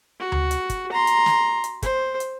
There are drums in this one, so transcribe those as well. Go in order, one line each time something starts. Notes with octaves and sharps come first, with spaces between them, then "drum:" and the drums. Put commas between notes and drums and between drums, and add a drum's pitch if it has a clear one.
F#4
drum: tom D2
drum: hi-hat
drum: kick, hi-hat
A#5 C6
drum: hi-hat
drum: snare
drum: hi-hat
C5, drum: kick, hi-hat
drum: hi-hat